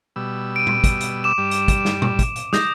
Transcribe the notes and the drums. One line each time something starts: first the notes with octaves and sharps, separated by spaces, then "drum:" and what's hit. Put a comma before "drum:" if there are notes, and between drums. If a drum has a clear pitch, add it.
B2 G3 E6
D7 D#7
drum: tom A#2
drum: kick, hi-hat
drum: hi-hat
D6 E7
G2 G3
drum: hi-hat
drum: kick, hi-hat
drum: snare
drum: tom A#2
drum: kick, hi-hat
drum: hi-hat
D#6 G6 A#6, drum: snare